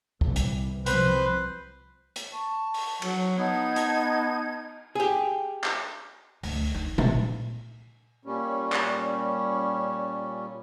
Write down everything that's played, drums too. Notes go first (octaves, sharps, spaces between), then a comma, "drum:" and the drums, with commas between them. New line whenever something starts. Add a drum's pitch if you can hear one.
C2 E3, drum: kick
drum: hi-hat
C2 F3 C4 B4 C5, drum: hi-hat
drum: hi-hat
A5 C#6
drum: open hi-hat
F#3, drum: cymbal
B3 D#4 A5 G#6
drum: hi-hat
G4 G#4
drum: clap
D2, drum: open hi-hat
D#4
E4, drum: tom A#2
A#2 G3 C#4
drum: clap